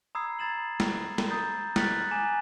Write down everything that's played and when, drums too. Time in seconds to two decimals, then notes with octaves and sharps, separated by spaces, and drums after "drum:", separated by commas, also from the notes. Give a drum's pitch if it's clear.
0.15 A#5 B5 D#6 E6 G#6 C7
0.39 A#5 B5 G#6 A6 E7 F#7
0.80 drum: snare
1.18 drum: snare
1.30 A#5 D#6 G6 A6
1.76 F6 F#6 A6 B6 C#7 F#7, drum: snare
2.11 G#5 A#5 D6 E7